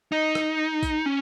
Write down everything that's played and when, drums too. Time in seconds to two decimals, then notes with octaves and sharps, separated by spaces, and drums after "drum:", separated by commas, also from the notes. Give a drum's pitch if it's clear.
0.12 D#4
0.35 drum: rim click
0.83 drum: kick A#1, tambourine
1.06 C#4